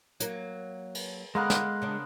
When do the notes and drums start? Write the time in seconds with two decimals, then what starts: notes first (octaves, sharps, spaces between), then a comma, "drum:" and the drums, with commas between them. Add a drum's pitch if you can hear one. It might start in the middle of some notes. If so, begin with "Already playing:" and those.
0.20 F#3 A#3, drum: hi-hat
0.95 drum: cymbal
1.35 D3 G#3 A#3 B3 A#4 C6 F#6
1.50 drum: snare
1.82 C#3 D4